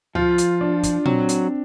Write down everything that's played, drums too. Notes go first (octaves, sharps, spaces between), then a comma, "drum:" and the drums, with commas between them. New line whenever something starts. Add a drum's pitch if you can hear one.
F3 F4, drum: tom C#2
drum: hi-hat
D4
drum: kick, hi-hat
F#3 C4, drum: tom A#2
drum: hi-hat